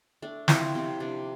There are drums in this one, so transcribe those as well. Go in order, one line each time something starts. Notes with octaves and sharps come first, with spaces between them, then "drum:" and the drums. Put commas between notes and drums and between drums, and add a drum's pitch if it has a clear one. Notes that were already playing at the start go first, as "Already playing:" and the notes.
A3 D4
F3 C4 E4, drum: snare
C3 C4
C3 D4